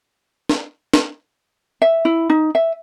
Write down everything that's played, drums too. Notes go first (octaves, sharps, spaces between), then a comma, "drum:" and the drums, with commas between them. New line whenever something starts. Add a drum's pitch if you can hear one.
drum: snare
drum: snare
E5
E4
D#4
E5